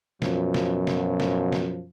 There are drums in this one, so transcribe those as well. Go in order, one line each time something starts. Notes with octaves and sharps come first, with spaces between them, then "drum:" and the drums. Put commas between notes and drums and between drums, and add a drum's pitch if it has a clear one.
F#2 B2 F3, drum: snare
drum: snare
drum: snare
drum: snare
drum: snare